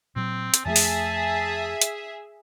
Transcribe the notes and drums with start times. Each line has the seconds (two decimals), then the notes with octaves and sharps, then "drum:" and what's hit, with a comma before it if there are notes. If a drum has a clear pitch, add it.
0.16 A#2 F#3 C4
0.54 drum: hi-hat
0.65 F2 F3 A3 G#4 E5 A5
0.76 drum: open hi-hat
1.81 drum: hi-hat